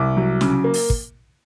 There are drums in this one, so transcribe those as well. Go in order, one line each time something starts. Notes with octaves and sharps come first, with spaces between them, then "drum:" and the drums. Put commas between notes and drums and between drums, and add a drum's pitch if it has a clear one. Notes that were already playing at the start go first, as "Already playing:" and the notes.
Already playing: C2 D6
F#3
C#3, drum: snare
A#3
drum: open hi-hat
drum: kick